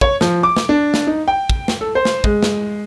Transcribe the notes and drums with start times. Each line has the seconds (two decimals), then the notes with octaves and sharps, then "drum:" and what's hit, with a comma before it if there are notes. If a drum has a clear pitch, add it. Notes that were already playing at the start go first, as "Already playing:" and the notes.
0.01 C#5, drum: kick
0.21 F3, drum: snare
0.43 D6
0.56 drum: snare
0.69 D4
0.94 drum: snare
1.07 D#4
1.28 G5
1.50 drum: kick
1.68 drum: snare
1.81 A4
1.95 C5
2.05 drum: snare
2.24 G#3, drum: kick
2.43 drum: snare